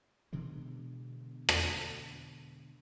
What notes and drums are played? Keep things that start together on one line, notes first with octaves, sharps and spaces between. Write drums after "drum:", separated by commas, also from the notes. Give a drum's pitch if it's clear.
B2 D3 E3 G#3
drum: rim click